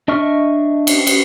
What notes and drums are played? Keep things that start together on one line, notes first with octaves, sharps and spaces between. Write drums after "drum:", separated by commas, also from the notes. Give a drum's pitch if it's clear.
D4 D#5 E5 C#6 F6
drum: cymbal
drum: cymbal